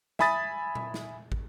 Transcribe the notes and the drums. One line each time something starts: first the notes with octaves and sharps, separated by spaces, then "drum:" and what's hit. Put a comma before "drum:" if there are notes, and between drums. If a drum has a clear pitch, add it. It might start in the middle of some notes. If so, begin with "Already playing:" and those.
E5 G#5 B5 D#6 A6, drum: snare
drum: tom A#2
drum: snare
drum: kick